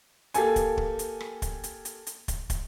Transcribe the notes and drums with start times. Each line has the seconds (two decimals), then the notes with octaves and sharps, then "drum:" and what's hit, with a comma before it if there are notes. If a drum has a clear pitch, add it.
0.34 A#3 G4 A4 G#5, drum: hi-hat
0.56 drum: kick, hi-hat
0.77 drum: kick
0.99 drum: hi-hat
1.20 drum: rim click
1.42 drum: kick, hi-hat
1.64 drum: hi-hat
1.85 drum: hi-hat
2.07 drum: hi-hat
2.28 drum: kick, hi-hat
2.50 drum: kick, hi-hat